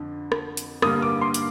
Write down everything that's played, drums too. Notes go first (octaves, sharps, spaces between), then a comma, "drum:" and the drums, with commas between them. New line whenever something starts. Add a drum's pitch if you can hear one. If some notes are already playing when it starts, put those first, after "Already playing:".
Already playing: F2 D3
drum: rim click
drum: hi-hat
G2 D3 G3 A#3 D#6, drum: rim click
D6
C6
drum: hi-hat